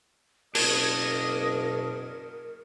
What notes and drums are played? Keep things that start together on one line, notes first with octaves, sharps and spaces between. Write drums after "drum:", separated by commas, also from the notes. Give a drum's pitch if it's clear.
F#1 B2 D4 A#4 D#5, drum: cymbal